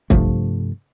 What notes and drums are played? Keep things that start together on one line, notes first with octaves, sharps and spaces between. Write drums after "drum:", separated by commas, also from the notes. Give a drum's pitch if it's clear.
G2 C3 F3 A3, drum: kick